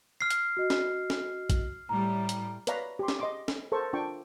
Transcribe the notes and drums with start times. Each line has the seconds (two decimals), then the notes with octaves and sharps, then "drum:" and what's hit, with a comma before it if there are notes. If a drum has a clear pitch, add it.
0.21 F6 C7
0.30 drum: hi-hat
0.57 F#4 D#5
0.70 drum: snare
1.10 drum: snare
1.50 drum: kick A#1, hi-hat
1.89 A2 G3 A#5
2.29 drum: hi-hat
2.67 B4 C#5 D5 F5 A#5 B5, drum: hi-hat
2.99 G4 C6
3.08 drum: snare
3.20 D#5 C6 D6
3.48 drum: snare
3.72 A4 A#4 C5 C#6
3.93 D4 F4 G5 C#6